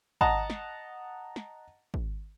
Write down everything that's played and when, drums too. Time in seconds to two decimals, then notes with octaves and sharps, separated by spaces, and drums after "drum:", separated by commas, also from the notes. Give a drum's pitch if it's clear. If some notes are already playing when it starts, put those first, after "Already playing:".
0.21 D#5 F#5 A5 A#5, drum: kick
0.50 drum: snare
1.36 drum: snare
1.94 drum: kick